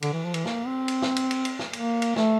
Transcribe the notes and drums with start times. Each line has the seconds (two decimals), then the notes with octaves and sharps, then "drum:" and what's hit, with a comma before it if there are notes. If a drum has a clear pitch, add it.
0.02 D3, drum: cymbal
0.13 E3
0.24 F3
0.34 E3, drum: cymbal
0.46 A#3, drum: snare
0.67 C4
0.88 drum: cymbal
1.02 drum: snare
1.16 drum: cymbal
1.31 drum: cymbal
1.45 drum: cymbal
1.59 drum: snare
1.73 A#3, drum: cymbal
2.02 drum: cymbal
2.16 A3, drum: snare